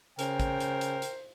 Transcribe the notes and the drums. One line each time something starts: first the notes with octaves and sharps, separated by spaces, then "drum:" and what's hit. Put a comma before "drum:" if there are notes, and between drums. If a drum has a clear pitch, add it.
C#3 A#4 C5 G5, drum: hi-hat
drum: kick, hi-hat
drum: hi-hat
drum: hi-hat
drum: hi-hat